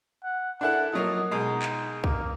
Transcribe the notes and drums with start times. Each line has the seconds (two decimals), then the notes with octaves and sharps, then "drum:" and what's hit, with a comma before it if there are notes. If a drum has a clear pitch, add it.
0.24 F#5
0.61 D4 E4 A4 F#5
0.93 F3 F#3 A#3 D#5
1.31 B2 G#3 D#4
1.62 drum: clap
2.04 A#3, drum: kick C2